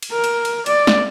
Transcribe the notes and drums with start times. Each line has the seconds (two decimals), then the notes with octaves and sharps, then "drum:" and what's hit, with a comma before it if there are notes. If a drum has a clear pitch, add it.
0.03 drum: cymbal
0.12 A#4
0.24 drum: cymbal
0.45 drum: cymbal
0.66 D5, drum: cymbal
0.87 drum: snare